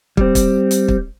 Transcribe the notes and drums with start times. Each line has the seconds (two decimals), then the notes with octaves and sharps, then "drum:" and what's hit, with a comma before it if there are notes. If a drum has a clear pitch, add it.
0.17 G3 C4, drum: kick
0.35 drum: kick, hi-hat
0.71 drum: hi-hat
0.88 drum: kick